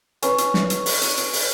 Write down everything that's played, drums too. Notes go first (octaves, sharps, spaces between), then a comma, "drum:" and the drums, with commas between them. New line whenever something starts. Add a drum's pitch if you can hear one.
C#4 B4, drum: hi-hat
drum: hi-hat
drum: snare
drum: hi-hat
drum: open hi-hat
drum: hi-hat
drum: hi-hat
drum: open hi-hat